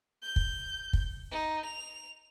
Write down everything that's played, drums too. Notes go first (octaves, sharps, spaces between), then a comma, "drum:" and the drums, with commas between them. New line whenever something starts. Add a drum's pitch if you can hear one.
G6
drum: kick
drum: kick
D#4
F7